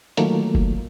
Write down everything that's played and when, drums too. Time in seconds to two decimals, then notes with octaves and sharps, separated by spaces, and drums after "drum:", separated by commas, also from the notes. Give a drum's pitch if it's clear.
0.17 D#3 F#3 A3 A#3 F4, drum: hi-hat
0.55 drum: kick F1